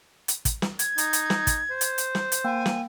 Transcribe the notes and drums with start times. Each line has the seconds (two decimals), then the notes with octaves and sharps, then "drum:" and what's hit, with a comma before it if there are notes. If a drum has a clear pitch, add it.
0.28 drum: hi-hat
0.45 drum: kick, hi-hat
0.62 drum: snare
0.79 G#6, drum: hi-hat
0.98 D#4, drum: hi-hat
1.13 drum: hi-hat
1.30 drum: snare
1.47 drum: kick, hi-hat
1.71 C5
1.81 drum: hi-hat
1.98 drum: hi-hat
2.15 drum: snare
2.32 drum: hi-hat
2.44 A#3 G5 G#5
2.66 drum: snare